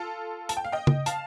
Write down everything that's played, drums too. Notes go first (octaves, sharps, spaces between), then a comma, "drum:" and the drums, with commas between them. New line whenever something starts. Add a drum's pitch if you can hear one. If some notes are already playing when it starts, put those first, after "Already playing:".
Already playing: F4 A4
A5, drum: hi-hat
G5
F5
D#5 G5
drum: tom C#3
F5 A5, drum: hi-hat